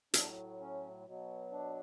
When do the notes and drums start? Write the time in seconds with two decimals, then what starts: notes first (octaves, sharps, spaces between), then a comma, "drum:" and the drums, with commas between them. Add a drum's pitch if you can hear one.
0.14 A2 F#3 D4, drum: hi-hat
0.60 C#4
1.06 B2 F#3
1.52 D4